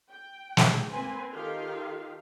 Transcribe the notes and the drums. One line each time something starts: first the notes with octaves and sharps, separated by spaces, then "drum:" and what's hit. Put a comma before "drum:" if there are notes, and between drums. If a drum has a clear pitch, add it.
G5
drum: snare
A#3 C4 B4 C5 G#5
D#3 F4 G4 A4 F5 G5